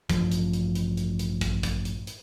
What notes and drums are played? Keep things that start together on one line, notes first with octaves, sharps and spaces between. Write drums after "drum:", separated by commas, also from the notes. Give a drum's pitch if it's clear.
A1 G2 F3, drum: kick, hi-hat
drum: hi-hat
drum: hi-hat
drum: hi-hat
drum: hi-hat
drum: hi-hat
drum: kick, hi-hat
drum: kick, hi-hat
drum: hi-hat
drum: hi-hat